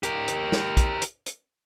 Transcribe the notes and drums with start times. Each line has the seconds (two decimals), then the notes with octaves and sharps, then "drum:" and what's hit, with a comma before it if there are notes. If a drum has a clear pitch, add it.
0.03 G4 A#4, drum: hi-hat
0.28 drum: hi-hat
0.52 drum: snare
0.77 drum: kick, hi-hat
1.02 drum: hi-hat
1.26 drum: hi-hat